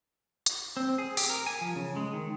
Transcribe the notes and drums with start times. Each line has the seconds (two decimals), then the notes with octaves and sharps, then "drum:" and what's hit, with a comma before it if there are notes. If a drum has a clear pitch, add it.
0.46 drum: hi-hat
0.77 C4
0.98 G#4
1.17 G4, drum: open hi-hat
1.30 A#4
1.47 G#5
1.61 F3
1.76 C#3
1.96 G#3
2.13 D#3